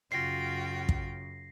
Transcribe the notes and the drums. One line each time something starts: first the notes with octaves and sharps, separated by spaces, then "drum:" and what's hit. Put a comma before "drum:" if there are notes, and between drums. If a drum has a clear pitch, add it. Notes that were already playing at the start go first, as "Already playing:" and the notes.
F#2 C#3 F4 F#4 G5 A#6 C7
drum: kick